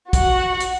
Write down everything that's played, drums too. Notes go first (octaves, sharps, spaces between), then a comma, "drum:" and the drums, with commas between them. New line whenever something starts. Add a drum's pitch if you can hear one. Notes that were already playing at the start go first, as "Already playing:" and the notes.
F#4, drum: kick, hi-hat
drum: hi-hat